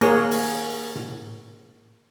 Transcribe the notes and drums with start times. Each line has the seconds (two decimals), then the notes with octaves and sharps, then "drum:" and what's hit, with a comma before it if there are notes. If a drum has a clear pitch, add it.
0.01 A#3 G#4 C#5, drum: cymbal
0.31 drum: open hi-hat
0.96 drum: tom A2